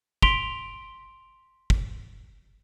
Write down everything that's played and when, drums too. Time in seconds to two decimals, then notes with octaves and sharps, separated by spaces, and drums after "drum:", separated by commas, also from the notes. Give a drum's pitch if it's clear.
0.22 C6 B6 D7 F7 G7, drum: kick
1.70 drum: kick